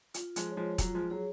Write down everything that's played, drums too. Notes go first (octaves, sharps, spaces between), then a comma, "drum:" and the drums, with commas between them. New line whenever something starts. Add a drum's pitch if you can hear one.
F4, drum: hi-hat
F3 G#3, drum: hi-hat
G#4 C#5
F3 G#3
F#3 F4, drum: kick E1, hi-hat
F3 G#3
F#3 G#4 C#5